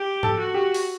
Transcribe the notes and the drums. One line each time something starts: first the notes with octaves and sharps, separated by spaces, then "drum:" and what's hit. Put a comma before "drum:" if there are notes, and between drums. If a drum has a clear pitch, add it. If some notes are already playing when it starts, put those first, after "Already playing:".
Already playing: G4
A4, drum: tom G#2
F#4
G4
drum: open hi-hat